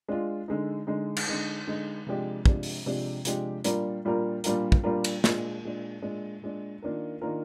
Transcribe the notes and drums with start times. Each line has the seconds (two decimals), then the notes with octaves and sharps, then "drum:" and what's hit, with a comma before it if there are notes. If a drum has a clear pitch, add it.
0.08 G#3 D4 F4
0.48 D3 G#3 D#4
0.87 D3 G#3 D#4
1.16 drum: cymbal
1.27 D3 G#3 D#4
1.67 D3 G#3 D#4
2.07 C3 F3 G#3 D4 G4
2.46 C3 F3 G#3 D4 G4, drum: kick
2.63 drum: open hi-hat
2.86 C3 F3 G#3 D4 G4
3.25 C3 F3 G#3 D4 G4, drum: hi-hat
3.64 A#2 G3 D4 F4 A#4, drum: hi-hat
4.05 A#2 G3 D4 F4 A#4
4.44 A#2 G3 D4 F4 A#4, drum: hi-hat
4.72 drum: kick
4.84 A#2 G3 D4 F4 A#4
5.04 drum: cymbal
5.24 A#2 G#3 D4, drum: snare
5.63 A#2 G#3 D4
6.02 A#2 G#3 D4
6.42 A#2 G#3 D4
6.82 D#3 A#3 D4 F4 A#4
7.22 D#3 A#3 D4 F4 A#4